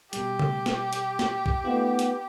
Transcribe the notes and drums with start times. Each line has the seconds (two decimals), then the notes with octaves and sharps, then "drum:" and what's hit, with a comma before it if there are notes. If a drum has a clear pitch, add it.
0.13 B2 G3 G4, drum: hi-hat
0.39 drum: tom C#3
0.66 drum: snare
0.93 drum: hi-hat
1.19 drum: snare
1.46 drum: kick
1.65 A3 B3 D#4 F4
1.99 drum: hi-hat